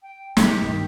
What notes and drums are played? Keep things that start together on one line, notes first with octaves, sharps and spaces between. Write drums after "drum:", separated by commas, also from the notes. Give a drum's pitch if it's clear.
G5
B1 G4, drum: snare
G2 D#3